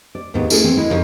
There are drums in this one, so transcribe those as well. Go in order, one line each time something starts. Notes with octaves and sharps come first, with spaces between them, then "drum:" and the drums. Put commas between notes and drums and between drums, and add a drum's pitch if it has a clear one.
D5
D#2 G#2 D#3 B3
A3 B3 C#4 E4 G#4 A4, drum: tambourine
E3 C4 C#5
D2 G#3 E4
F2 C#3 D#4 G#4 C#5